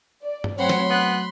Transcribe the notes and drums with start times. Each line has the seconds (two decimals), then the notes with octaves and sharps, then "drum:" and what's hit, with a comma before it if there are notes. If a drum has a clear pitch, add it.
0.23 D5
0.44 drum: tom G2
0.58 F#3 A3 C4 F#4 C#5 F#5 B5 C6
0.69 drum: snare
0.90 B3 F#6